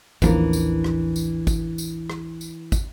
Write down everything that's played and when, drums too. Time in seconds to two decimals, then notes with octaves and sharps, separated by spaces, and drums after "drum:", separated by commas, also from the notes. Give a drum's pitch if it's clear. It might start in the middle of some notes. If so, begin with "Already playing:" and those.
0.22 A1 D#2 E3 F3 D4 A#4, drum: kick, tambourine
0.53 drum: tambourine
0.84 drum: rim click
1.16 drum: tambourine
1.47 drum: kick, tambourine
1.78 drum: tambourine
2.10 drum: rim click
2.41 drum: tambourine
2.72 drum: kick, tambourine